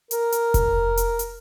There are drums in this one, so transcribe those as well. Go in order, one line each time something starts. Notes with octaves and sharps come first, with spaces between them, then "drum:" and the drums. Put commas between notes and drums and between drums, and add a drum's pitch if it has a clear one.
A#4, drum: hi-hat
drum: hi-hat
drum: kick F1, hi-hat
drum: hi-hat
drum: hi-hat